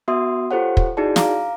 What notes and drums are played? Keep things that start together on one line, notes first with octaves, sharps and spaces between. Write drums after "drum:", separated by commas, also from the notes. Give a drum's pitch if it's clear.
B3 F#4 E5 C6 D#6
F4 G4 A4 C5 C#5 F#5
drum: kick
D#4 E4 F#4 G#4 D5 A5
F5 A#5 D6, drum: snare